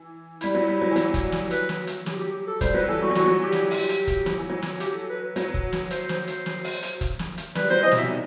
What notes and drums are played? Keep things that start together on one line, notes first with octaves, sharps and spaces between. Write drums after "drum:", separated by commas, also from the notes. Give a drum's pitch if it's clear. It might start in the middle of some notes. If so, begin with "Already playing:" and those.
Already playing: E3
G3 E4, drum: hi-hat
F#3
G3
F#3
E3
F#3, drum: hi-hat
drum: kick, hi-hat
drum: snare
B4, drum: hi-hat
drum: snare
drum: hi-hat
G4, drum: snare
G4
G4
A4
G3 C5, drum: kick, hi-hat
F#3 B4
E3 A4
G3 F#4
F#3
E3 F#4, drum: snare
F#3
G4
drum: snare
drum: open hi-hat
drum: hi-hat
drum: kick, hi-hat
F#3, drum: snare
E3
F#3
drum: snare
G4, drum: hi-hat
A4
B4
B4
F#3, drum: hi-hat
drum: kick
drum: snare
C5, drum: hi-hat
drum: snare
C5
drum: hi-hat
drum: snare
drum: open hi-hat
drum: hi-hat
drum: kick, hi-hat
drum: snare
drum: hi-hat
G3 B4, drum: snare
F#3 C5
E3 D#5
B2, drum: snare
C3 E5
D#3